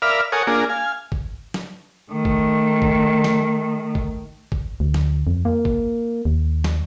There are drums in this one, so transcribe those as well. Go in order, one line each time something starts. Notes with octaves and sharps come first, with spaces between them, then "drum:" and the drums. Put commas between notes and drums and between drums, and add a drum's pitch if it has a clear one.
A#4 D5 E5 F5 B5 F6
A4 A#4 C#5 F#5 G#5 D#6
A#3 D4 F4 G#4 A#4
F5 G#5
drum: kick G#1
drum: snare
D#3 A3
drum: kick G#1
drum: kick G#1
drum: snare
drum: kick G#1
drum: kick G#1
D2
drum: snare
F2
A#3
drum: kick G#1
D#2
drum: snare